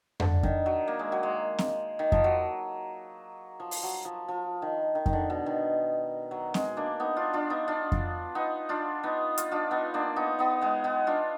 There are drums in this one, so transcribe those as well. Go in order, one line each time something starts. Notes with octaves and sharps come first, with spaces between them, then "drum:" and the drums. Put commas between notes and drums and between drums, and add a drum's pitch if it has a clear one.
D3, drum: tom F2
D#3, drum: kick F2
F#3
A#3
G#3
F#3
G#3
drum: snare C4
D#3
F3, drum: kick F2
F#3
F3
drum: open hi-hat
F#3
F3
F3
D#3
D#3
D#3, drum: kick F2
D3
B2
D#3
F#3
G#3, drum: snare C4
A#3 D4
B3 D#4
D4 F4
D4 F4
B3 D#4
D4 F4
drum: kick F2
B3 D#4
D4 F4
B3 D#4
F4, drum: hi-hat
D4 F4
B3 D#4
A#3 D4
B3 D#4
B3 D#4
G#3 B3
B3 D#4
D4 F4